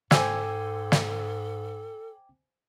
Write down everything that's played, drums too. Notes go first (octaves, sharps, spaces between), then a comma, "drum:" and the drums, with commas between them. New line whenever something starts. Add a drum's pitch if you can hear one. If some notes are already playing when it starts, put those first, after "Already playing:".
G#2 A4 C5 G5 G#5 D6 E6 G#6, drum: snare
drum: snare